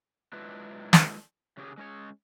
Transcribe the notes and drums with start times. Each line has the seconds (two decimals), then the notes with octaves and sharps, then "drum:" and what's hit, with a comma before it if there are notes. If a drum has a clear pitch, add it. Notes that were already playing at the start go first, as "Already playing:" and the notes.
0.33 F#3 G#3 D4 E4 F4 B4
0.93 drum: snare
1.57 C#3 C#4 G4 G#4
1.78 G#3 C#4 C#5